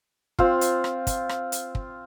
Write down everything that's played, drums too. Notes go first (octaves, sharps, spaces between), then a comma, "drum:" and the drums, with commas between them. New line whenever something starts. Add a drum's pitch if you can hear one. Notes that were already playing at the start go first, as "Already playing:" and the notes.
C4 F4, drum: kick
drum: hi-hat
drum: rim click
drum: kick, hi-hat
drum: rim click
drum: hi-hat
drum: kick